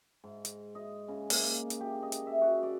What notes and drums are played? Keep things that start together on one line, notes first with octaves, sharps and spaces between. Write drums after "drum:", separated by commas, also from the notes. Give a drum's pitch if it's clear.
G#2
drum: hi-hat
D#5
C#3
A#3, drum: open hi-hat
drum: hi-hat
G4
D#5
drum: hi-hat
E5
F#4
D5